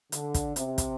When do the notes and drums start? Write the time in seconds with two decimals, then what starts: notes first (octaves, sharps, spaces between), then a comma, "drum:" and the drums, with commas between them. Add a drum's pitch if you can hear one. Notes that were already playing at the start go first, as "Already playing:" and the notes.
0.12 D3, drum: hi-hat
0.34 drum: kick, hi-hat
0.56 C3, drum: hi-hat
0.78 drum: kick, hi-hat